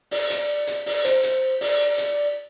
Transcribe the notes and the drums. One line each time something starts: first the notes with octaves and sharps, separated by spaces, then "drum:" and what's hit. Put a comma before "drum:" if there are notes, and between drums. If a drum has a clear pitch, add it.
D5, drum: open hi-hat
drum: hi-hat
drum: hi-hat
D5, drum: open hi-hat
C5, drum: hi-hat
drum: hi-hat
D5, drum: open hi-hat
drum: hi-hat